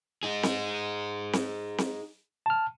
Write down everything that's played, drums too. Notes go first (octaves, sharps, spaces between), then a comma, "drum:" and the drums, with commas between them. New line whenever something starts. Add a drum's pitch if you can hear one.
D#4 G#4
drum: snare C4
drum: snare C4
drum: snare C4
A5 F6